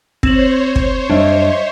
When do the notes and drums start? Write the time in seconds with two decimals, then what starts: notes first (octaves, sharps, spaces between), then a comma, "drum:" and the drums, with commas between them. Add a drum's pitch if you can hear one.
0.23 C4 C5 C#5 E7 F#7, drum: kick
0.76 drum: kick
1.10 F#2 G3 D4 D#5 E5